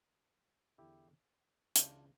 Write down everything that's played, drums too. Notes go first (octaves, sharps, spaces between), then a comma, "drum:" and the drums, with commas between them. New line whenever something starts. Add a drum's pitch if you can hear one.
E2 D3 E4 G4
C#2 C#3 E3 D4 F4, drum: hi-hat